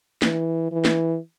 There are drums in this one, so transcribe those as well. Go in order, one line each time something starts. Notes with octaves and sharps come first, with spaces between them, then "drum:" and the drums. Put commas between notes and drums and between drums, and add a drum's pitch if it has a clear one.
E3, drum: snare
E3
drum: snare